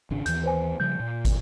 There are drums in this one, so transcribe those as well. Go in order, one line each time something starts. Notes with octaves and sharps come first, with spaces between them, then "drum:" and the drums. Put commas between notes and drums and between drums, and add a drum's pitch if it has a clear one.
G#1 C#3 D4
D#2 E3 G6, drum: hi-hat
B4 C5 G#5
C#3 F3 G3 G6
A#2
drum: kick, hi-hat